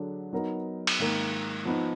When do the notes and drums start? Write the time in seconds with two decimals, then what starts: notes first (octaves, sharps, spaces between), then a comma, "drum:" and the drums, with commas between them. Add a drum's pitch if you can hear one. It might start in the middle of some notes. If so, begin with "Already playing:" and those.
Already playing: D3 F#3 D4 G#4
0.33 F#3 B3 D#4 A#4
0.87 drum: cymbal
0.99 G#2 D#3 A#3 D#4 A#4
1.65 F3 B3 D#4